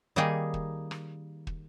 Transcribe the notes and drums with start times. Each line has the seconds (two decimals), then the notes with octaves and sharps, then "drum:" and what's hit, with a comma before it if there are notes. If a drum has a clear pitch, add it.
0.16 D#3 G3 A#3 D#4 G#4
0.54 drum: kick
0.91 drum: rim click
1.47 drum: kick